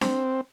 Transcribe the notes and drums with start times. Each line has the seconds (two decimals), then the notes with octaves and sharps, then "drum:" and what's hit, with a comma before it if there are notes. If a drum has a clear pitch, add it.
0.01 C4, drum: snare D4